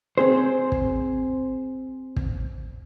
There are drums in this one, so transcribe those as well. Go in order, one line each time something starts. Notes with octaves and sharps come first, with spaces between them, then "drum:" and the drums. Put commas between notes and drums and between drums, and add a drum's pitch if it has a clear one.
C4 G#4 C5
drum: kick
drum: kick